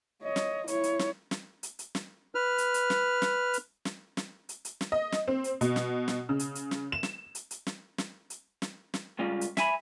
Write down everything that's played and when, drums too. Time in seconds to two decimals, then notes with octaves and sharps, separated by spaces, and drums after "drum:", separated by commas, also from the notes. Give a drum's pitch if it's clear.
0.22 C#5 D#5
0.36 drum: snare
0.68 E4 C#5, drum: hi-hat
0.83 drum: hi-hat
0.99 drum: snare
1.31 drum: snare
1.63 drum: hi-hat
1.79 drum: hi-hat
1.95 drum: snare
2.35 B4 F6
2.58 drum: hi-hat
2.74 drum: hi-hat
2.90 drum: snare
3.22 drum: snare
3.53 drum: hi-hat
3.85 drum: snare
4.17 drum: snare
4.49 drum: hi-hat
4.65 drum: hi-hat
4.81 drum: snare
4.92 D#5
5.12 drum: snare
5.28 C4
5.44 drum: hi-hat
5.61 B2, drum: hi-hat
5.76 drum: snare
6.08 drum: snare
6.29 C#3
6.39 drum: hi-hat
6.55 drum: hi-hat
6.71 drum: snare
6.92 E7
7.03 drum: snare
7.35 drum: hi-hat
7.51 drum: hi-hat
7.66 drum: snare
7.98 drum: snare
8.30 drum: hi-hat
8.62 drum: snare
8.94 drum: snare
9.19 C#2 G3 G#3 C#4 F4
9.41 drum: hi-hat
9.57 E5 G#5 B5, drum: snare